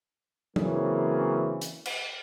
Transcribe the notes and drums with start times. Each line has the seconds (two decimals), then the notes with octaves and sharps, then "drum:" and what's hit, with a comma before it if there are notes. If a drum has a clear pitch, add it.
0.56 C#3 E3 F#3 A#3 C4 C#4, drum: tom F#3
1.61 drum: hi-hat
1.86 drum: cymbal